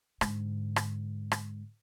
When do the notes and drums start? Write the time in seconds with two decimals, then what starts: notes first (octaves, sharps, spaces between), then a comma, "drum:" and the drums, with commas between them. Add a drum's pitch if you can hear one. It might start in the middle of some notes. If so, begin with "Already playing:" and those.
0.21 G#2 D3, drum: rim click
0.76 drum: rim click
1.32 drum: rim click